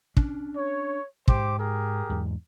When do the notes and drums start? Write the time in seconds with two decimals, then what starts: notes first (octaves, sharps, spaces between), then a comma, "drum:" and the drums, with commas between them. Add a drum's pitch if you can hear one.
0.17 C#4 D4, drum: kick
0.56 C#5
1.28 G#2 G4 C5 D6, drum: kick
1.59 G4 G#4 A#4
2.09 E2 G#2